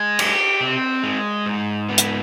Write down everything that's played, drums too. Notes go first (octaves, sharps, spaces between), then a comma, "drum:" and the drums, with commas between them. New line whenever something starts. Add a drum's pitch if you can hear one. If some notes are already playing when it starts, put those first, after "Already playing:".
Already playing: G#3
G4, drum: cymbal
C4
G#3
G#2
B3
drum: hi-hat